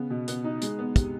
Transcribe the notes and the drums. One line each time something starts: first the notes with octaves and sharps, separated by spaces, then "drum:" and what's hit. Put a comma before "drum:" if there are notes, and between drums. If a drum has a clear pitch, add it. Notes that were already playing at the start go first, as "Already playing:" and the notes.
Already playing: C#3 B3
B2
B3, drum: hi-hat
D#4
G#3, drum: hi-hat
B3
C3, drum: kick, hi-hat